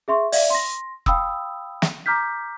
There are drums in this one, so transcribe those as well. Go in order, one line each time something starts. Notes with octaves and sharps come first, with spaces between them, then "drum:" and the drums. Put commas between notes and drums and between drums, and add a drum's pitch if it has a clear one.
G#4 E5 C6 C#6
D5 E5 F5, drum: open hi-hat
C6 A#6
F5 G5 B5 D#6 E6, drum: kick F1
drum: snare
A#5 D6 F6 G6 B6